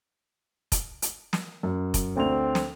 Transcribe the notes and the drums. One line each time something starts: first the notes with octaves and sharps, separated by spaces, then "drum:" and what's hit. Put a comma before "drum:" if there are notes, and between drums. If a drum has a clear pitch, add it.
drum: kick F1, hi-hat
drum: hi-hat
drum: snare
F#2
drum: kick F1, hi-hat
D2 C4 F7
drum: snare